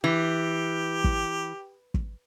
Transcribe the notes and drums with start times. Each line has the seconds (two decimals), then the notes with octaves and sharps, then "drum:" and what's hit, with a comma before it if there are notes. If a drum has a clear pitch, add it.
0.04 E3 G4
1.04 drum: kick
1.94 drum: kick